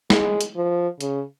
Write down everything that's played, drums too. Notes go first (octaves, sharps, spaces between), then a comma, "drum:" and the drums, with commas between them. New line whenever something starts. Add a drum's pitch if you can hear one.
G#3, drum: snare
drum: hi-hat
F3
C#3, drum: hi-hat